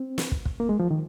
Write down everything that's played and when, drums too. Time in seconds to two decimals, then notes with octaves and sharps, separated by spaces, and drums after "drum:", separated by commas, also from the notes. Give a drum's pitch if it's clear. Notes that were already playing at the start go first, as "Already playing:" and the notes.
Already playing: C4
0.18 drum: snare
0.32 drum: kick
0.45 drum: kick
0.60 A#3
0.69 G#3
0.80 F3
0.91 D#3